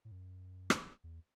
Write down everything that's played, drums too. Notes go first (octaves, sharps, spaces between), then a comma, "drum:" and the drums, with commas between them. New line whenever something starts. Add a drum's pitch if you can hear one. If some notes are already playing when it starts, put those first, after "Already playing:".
A2
F#2
drum: rim click
E2